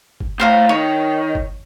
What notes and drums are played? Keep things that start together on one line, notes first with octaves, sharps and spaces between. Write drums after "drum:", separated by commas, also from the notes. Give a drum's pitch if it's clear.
drum: kick G1
A2 C5 F5 A#5
D#3 C#5
drum: kick G1